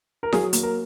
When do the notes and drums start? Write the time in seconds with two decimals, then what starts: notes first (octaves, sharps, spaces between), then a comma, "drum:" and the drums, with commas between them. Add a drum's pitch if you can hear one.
0.23 A#4
0.32 F#3 G#4, drum: snare E4
0.53 A#3, drum: hi-hat
0.63 A#4